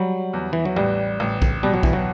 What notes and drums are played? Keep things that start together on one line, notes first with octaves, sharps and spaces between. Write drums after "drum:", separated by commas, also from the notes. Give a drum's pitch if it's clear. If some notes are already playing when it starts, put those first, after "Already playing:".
Already playing: F#3 G3
E2
E3
F#3
A1 G3
A1
drum: kick A#1
B2 G3
F#3
E3, drum: kick A#1
F#3